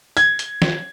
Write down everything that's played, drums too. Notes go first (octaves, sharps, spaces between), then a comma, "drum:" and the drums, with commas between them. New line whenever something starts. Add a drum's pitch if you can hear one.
G#6, drum: hi-hat
drum: hi-hat
drum: snare